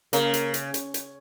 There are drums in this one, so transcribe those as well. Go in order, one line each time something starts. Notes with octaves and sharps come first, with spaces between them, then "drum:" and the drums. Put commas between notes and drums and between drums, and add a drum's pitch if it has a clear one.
C#3 A#3, drum: hi-hat
drum: hi-hat
drum: hi-hat
drum: hi-hat
drum: hi-hat